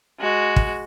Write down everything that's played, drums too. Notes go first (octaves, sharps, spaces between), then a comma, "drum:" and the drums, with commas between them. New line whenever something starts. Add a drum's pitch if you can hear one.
G#3 F#4
drum: kick